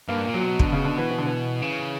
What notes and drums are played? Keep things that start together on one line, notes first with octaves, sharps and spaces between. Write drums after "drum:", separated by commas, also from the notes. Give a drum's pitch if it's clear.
G2 A#3
A#2
F#3
B2
D3, drum: kick
C#3
D3
E3
E3
D3
E3
C#3